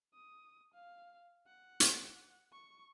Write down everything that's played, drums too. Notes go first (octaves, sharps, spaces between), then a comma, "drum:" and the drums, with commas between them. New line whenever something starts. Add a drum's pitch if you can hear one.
D#6
F5
F#5
drum: hi-hat
C#6